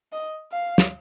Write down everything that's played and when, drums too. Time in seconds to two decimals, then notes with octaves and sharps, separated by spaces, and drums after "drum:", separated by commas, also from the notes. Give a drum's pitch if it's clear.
0.13 D#5
0.52 F5
0.78 drum: snare